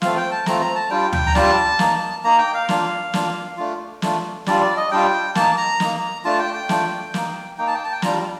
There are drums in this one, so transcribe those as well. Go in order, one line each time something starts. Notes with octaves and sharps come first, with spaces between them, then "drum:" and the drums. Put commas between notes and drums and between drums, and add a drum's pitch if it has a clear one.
A3 C4 F4 F5, drum: snare
G5
A5
A3 C4 F4 A#5, drum: snare
A#5
A5
G3 D4 F4 G5
G5, drum: tom
A#5
G3 D4 F4 A5, drum: snare
A#3 D#4, drum: snare
A#3 D#4 A#5
G5
F5
A#3 D4 F4, drum: snare
A#3 D4 F4, drum: snare
A3 D4 F4
A3 D4 F4, drum: snare
G3 D4 F4 D5, drum: snare
D5
D#5
G3 D4 F4 G5
A#3 D#4 A5, drum: snare
A#5
A#3 D#4, drum: snare
A3 D4 F4 A5
G5
G5
A3 D4 F4, drum: snare
A#3 D#4, drum: snare
A#3 D#4 G5
A5
G5
A5
G5
G3 D4 F4 A#5, drum: snare